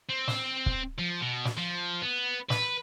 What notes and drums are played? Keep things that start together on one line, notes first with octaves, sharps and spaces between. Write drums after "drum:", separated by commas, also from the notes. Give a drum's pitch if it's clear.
C4
drum: snare
drum: kick
F3
B2
drum: snare
F3
B3
B4, drum: snare